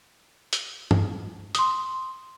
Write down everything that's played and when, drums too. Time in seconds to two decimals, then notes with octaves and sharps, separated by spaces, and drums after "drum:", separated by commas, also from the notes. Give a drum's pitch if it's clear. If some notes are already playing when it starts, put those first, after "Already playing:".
0.53 drum: hi-hat
0.91 drum: tom
1.55 C6 D#6, drum: hi-hat